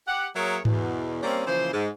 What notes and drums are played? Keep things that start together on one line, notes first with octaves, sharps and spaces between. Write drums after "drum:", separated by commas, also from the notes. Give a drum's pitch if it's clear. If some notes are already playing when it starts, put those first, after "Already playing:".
G4 F#5
F#3 A#3 G#4 A#4 C#5 E5
E2 B2, drum: tom G#2
G3 A#3 C4 C#4
C#3 E3 F3 A#3 C5
G#2